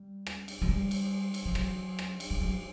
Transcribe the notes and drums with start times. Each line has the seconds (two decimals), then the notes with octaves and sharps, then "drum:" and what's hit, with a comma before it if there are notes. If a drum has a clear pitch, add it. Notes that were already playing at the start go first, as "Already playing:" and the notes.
Already playing: G3
0.26 drum: rim click
0.48 drum: cymbal
0.62 F#3
0.69 G3
0.91 drum: cymbal
1.34 drum: cymbal
1.46 F3
1.55 F#3, drum: rim click
1.99 drum: rim click
2.20 drum: cymbal
2.31 G3
2.41 F#3